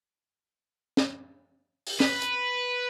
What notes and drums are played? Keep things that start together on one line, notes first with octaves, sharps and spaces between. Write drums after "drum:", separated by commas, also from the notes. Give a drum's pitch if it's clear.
drum: snare
drum: open hi-hat
B4, drum: snare
drum: hi-hat